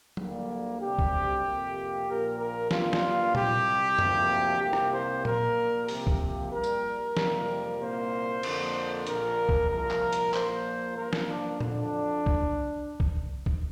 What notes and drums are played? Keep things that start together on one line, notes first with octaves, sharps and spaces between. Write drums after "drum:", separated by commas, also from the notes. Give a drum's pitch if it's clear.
D2 D3 G3 A#3, drum: tom F#3
D2 C3 G3 G4
drum: kick C2
F2 C3 A#3
A#1 A#2 F3 A#3 A#4
A#4
G2 G3 A#3 F4, drum: snare
drum: snare
C2 C3 G3 G4, drum: tom A#2
D2 C3 F3 A#3, drum: tom F#2
C2 C3 A#3 G4
drum: rim click
C5
A#1 A#2 A#3 A#4, drum: tom A#2
C2 C3 F3 A#3 G4, drum: open hi-hat
drum: kick C2
A#1 A#2 G3 A#4
drum: tambourine
F2 C3 G3 A#3, drum: snare
C2 A#2 A#3 C5
F2 D3 A#3, drum: cymbal
A#1 A#2 A#3 A#4, drum: hi-hat
drum: kick C2
C2 A#2 F3 A#4
drum: clap
drum: hi-hat
A#1 A#2 F3 A#3 C5, drum: clap
G2 F3 A#3 A#4
drum: snare
D4
F2 D3 F3 D4, drum: tom A#2
drum: kick C2
drum: kick C2
drum: kick C2